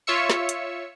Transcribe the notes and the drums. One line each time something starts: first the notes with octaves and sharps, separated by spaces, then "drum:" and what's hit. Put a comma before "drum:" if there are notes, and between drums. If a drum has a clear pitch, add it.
F4 C#5 E5 E6 C#7
drum: snare
drum: hi-hat